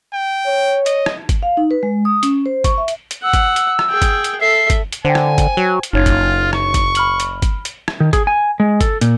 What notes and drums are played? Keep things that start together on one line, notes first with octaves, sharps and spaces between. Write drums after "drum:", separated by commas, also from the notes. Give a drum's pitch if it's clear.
G5
C#5
D#5, drum: hi-hat
drum: rim click
drum: kick, hi-hat
F5
D#4
B4
G#3
D#6
C#4, drum: hi-hat
C5
C#6, drum: kick, hi-hat
E5
drum: hi-hat
drum: hi-hat
F#5 E6
drum: kick, hi-hat
drum: hi-hat
drum: rim click
G#4 G5
drum: kick, hi-hat
drum: hi-hat
A4 E5 C7
drum: kick, hi-hat
drum: hi-hat
D3 C5 G5 G#5
drum: rim click
drum: kick, hi-hat
F#3
drum: hi-hat
F#1 D#4 F4 C#5 G#6
drum: kick, hi-hat
C#6, drum: rim click
drum: kick, hi-hat
B5 F6 F#7, drum: hi-hat
drum: hi-hat
drum: kick, hi-hat
drum: hi-hat
drum: rim click
D#3
G#4, drum: kick, hi-hat
G#5
G#3
A4, drum: kick, hi-hat
A#2, drum: hi-hat